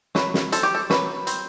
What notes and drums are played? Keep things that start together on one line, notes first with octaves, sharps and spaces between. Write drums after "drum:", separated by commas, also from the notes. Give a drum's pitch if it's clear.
F#3 B4, drum: snare
drum: snare
C4 A4, drum: hi-hat
G4
A4
F#3 B4, drum: snare
C4, drum: hi-hat